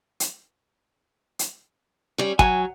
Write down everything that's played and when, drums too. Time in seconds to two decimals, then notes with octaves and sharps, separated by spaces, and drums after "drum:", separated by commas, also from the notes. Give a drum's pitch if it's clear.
0.20 drum: hi-hat
1.39 drum: hi-hat
2.18 G3 C#4
2.39 F#3 G#5, drum: kick